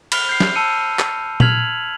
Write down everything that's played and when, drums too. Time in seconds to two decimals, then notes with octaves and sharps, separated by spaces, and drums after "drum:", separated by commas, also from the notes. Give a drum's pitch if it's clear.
0.12 B5 F6 F7 G7, drum: cymbal
0.29 G6 C7
0.40 drum: snare
0.55 A5 E6 C#7 D#7
0.99 drum: clap
1.40 F6 G#6 B6 F7 F#7, drum: tom A#2